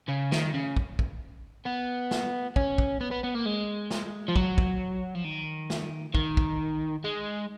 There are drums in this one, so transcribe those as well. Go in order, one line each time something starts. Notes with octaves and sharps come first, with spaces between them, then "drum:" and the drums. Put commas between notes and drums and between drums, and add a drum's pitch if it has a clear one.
C#3
D#3, drum: snare
C#3
drum: kick
drum: kick
B3
drum: snare
C#4, drum: kick
drum: kick
B3
B3
B3
A#3
G#3
drum: snare
F3
F#3, drum: kick
drum: kick
F3
D#3
drum: snare
D#3, drum: kick
drum: kick
G#3